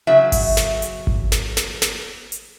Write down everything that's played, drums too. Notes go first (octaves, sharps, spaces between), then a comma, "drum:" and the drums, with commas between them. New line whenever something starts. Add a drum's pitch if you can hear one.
C#3 F#3 E5
drum: kick G#1, open hi-hat
drum: snare
drum: hi-hat
drum: kick G#1
drum: snare
drum: snare
drum: snare
drum: hi-hat